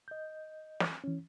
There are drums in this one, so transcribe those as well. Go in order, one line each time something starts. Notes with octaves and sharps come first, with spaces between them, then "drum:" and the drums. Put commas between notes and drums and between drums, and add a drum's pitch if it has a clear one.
D#5 G6
drum: snare
E3 C#4